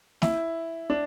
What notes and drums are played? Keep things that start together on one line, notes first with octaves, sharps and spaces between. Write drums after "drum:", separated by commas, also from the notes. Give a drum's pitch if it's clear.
E4, drum: snare
D4